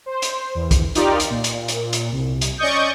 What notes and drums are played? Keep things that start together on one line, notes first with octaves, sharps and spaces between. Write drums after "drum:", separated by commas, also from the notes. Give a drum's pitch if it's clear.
C5
drum: hi-hat
E2
drum: kick, hi-hat
D#4 F4 G4 A#4 D5, drum: hi-hat
drum: hi-hat
A#2
drum: hi-hat
drum: hi-hat
drum: hi-hat
C2
drum: hi-hat
C#4 D5 D#5 C#6 D#6 G6